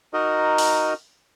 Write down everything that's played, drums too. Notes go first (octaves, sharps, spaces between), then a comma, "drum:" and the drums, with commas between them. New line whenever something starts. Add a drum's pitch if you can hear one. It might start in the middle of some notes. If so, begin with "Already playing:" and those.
D#4 F#4 A#4 D#5
drum: open hi-hat